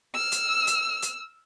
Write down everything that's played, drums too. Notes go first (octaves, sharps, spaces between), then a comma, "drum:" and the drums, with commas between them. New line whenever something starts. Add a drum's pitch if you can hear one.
E6 F6
drum: hi-hat
drum: hi-hat
drum: hi-hat